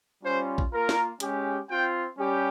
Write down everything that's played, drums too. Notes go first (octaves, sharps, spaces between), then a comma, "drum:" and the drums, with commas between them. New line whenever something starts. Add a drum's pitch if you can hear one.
G3 C#4 F4 C5
drum: kick A#1
A#3 F4 A#4
drum: snare
G#3 C#4 G4, drum: hi-hat
C4 F4 G5
G3 C#4 G4